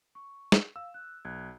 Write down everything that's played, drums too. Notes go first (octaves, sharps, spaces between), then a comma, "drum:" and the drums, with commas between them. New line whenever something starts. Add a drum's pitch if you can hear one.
C#6
drum: snare
F5 E6
F#6
B1 F#6 G#6